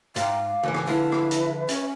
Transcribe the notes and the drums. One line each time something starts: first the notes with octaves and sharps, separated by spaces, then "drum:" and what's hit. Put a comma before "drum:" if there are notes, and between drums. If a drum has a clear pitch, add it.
G#2 F5 G5 A#5 D6, drum: hi-hat
D6
C#2 G#2 E3
drum: rim click
D3 F3 E4 G#4 B4 E5
drum: rim click
drum: hi-hat
C#4, drum: hi-hat